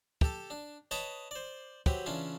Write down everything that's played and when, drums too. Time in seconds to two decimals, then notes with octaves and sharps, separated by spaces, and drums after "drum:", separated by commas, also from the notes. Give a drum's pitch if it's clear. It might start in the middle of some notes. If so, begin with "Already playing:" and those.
0.21 G4 A4, drum: kick
0.50 D4
0.91 B4 C#5 D#5 A5, drum: tambourine
1.31 C5 D5
1.86 F#3 C4 G4 B4, drum: kick
2.06 C#3 E3 C#4 D4 F4